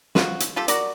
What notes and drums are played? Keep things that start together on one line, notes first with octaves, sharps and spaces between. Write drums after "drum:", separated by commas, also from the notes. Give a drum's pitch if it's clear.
F3 F4 F#4, drum: snare
drum: hi-hat
F4 G4 A4
F#4 A#4 D5, drum: hi-hat